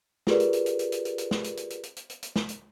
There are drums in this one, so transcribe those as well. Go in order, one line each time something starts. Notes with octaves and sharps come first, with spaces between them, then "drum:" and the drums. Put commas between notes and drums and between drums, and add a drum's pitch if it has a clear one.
F4 G4 G#4 A#4 B4 D5, drum: snare
drum: hi-hat
drum: hi-hat
drum: hi-hat
drum: hi-hat
drum: hi-hat
drum: hi-hat
drum: hi-hat
drum: snare
drum: hi-hat
drum: hi-hat
drum: hi-hat
drum: hi-hat
drum: hi-hat
drum: hi-hat
drum: hi-hat
drum: snare
drum: hi-hat